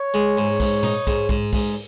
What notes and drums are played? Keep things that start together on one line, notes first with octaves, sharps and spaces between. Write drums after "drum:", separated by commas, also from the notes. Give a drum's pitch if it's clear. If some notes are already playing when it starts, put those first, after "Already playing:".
Already playing: C#5
G#3
G#2
G#2, drum: kick, open hi-hat
D#4, drum: tom A#2
G#2, drum: kick, hi-hat
G#2, drum: kick
G#2, drum: kick, open hi-hat